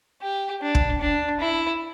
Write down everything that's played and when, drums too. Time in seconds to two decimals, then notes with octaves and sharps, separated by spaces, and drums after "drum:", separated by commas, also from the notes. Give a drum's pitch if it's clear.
0.22 G4
0.62 D4
0.75 drum: kick
1.01 D4
1.40 E4